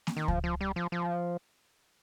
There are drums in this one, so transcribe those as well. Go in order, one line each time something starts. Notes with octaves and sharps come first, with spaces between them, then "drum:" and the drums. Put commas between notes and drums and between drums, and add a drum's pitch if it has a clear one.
drum: snare A#3
D#3
F3, drum: kick C#2
F3
G3
F3
F3